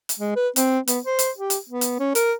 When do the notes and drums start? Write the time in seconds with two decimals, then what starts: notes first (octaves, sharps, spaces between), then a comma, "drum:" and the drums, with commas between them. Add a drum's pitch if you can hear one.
0.09 drum: hi-hat
0.19 G#3
0.36 B4
0.56 C4, drum: hi-hat
0.88 B3, drum: hi-hat
1.06 C5
1.19 drum: hi-hat
1.38 G4
1.50 drum: hi-hat
1.69 B3
1.81 drum: hi-hat
2.00 C#4
2.15 A#4, drum: hi-hat